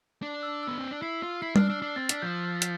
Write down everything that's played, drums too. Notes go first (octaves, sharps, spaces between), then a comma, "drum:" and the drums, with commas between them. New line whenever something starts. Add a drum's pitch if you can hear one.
D4
E6
B3 E6
C4
D4
E4 C7
F4
E4 C7
D4 F6, drum: tom G3
D4 E6
D4
C4 A6
D4 B6, drum: hi-hat
F3 G6
B6, drum: hi-hat